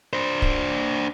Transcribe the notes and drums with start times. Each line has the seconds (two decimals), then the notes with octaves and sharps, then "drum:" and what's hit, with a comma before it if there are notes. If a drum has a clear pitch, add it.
0.13 D4 C5
0.42 drum: kick